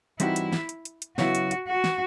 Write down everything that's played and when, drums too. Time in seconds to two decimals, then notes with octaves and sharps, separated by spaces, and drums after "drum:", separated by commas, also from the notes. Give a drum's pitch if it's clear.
0.20 E3 G3 C4 D#4 E4 F#4, drum: hi-hat
0.36 drum: hi-hat
0.53 drum: snare
0.69 drum: hi-hat
0.85 drum: hi-hat
1.02 drum: hi-hat
1.18 C#3 F#3 B3 E4 F#4, drum: snare
1.35 drum: hi-hat
1.51 drum: hi-hat
1.68 F#4
1.84 drum: snare